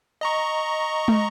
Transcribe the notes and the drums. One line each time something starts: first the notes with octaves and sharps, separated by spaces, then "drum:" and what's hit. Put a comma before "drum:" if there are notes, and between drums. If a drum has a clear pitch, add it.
D#5 A#5 C#6
drum: tom